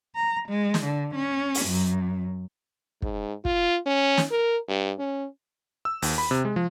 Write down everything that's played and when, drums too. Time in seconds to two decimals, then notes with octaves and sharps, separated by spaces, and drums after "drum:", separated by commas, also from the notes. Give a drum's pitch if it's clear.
0.15 A#5
0.48 G#3
0.74 drum: snare
0.83 D3
1.14 C#4
1.55 drum: open hi-hat
1.65 F#2
3.02 G#2, drum: kick
3.45 F4, drum: kick
3.86 C#4
4.17 drum: snare
4.31 A#4
4.68 G2
4.99 C#4
5.85 E6
6.02 D#2, drum: open hi-hat
6.18 B5
6.31 C3
6.45 G#3
6.56 F3